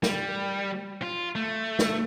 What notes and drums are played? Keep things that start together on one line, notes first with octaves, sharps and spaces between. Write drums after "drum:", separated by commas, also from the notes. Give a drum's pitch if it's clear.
G3, drum: snare
F4
A3
drum: snare